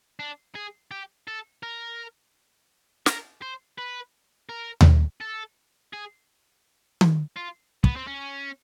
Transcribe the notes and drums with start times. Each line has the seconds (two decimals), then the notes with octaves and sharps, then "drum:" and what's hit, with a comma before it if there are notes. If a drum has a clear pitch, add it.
0.20 D4
0.55 G#4
0.91 G4
1.27 A4
1.63 A#4
3.06 A#4, drum: snare
3.42 C5
3.78 B4
4.49 A#4
4.81 drum: tom D#2
5.21 A4
5.93 G#4
7.01 drum: tom D#3
7.36 F4
7.84 B3, drum: kick
7.96 C4
8.07 C#4